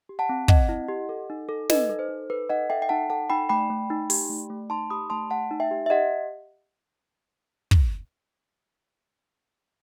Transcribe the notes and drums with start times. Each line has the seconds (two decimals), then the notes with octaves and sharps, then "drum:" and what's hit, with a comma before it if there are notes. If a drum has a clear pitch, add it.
0.09 G4
0.19 F#5 A5
0.29 C4
0.48 C4 D#5 F#5, drum: kick
0.69 E4
0.88 G4
1.09 A4
1.30 D#4
1.49 A4
1.70 D#4 B4 D#5, drum: snare
1.89 A4
1.99 C5
2.09 D#4
2.30 A4 B4
2.50 D#4 D#5 F#5
2.70 A4 E5 G5
2.82 G5
2.89 D#4 F#5 A5
3.10 A4 F#5 A5
3.30 D#4 G5 B5
3.49 A3 G5 B5
3.70 A3
3.90 D#4
4.10 G4, drum: open hi-hat
4.30 A3
4.50 A3
4.70 D#4 A5 C6
4.90 G4 B5 D#6
5.10 A3 A5 C6
5.30 A3 F#5 A5
5.51 D#4
5.60 E5 G5
5.71 G4
5.86 E5
5.90 G4 D#5 F#5
7.71 drum: kick